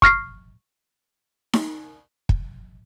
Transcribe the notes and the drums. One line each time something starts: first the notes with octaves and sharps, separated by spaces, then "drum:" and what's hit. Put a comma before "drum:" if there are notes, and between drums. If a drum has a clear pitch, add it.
C#6 F6 A#6 C7, drum: kick
drum: snare D#4
drum: kick